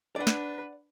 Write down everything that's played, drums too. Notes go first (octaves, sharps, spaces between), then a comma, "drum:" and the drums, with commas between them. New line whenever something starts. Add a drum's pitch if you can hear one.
D4 B4 D5 F#5
drum: snare